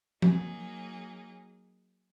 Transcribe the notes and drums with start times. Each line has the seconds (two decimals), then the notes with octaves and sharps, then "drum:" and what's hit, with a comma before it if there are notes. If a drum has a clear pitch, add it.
0.22 F#3 A#3 D#4 G#4, drum: tom